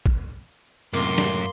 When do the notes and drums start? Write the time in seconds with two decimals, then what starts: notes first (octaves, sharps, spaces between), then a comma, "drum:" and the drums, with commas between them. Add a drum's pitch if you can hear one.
0.06 drum: kick
0.93 C#2 F#2 A2 C3 A#3 F4 C6
1.18 drum: snare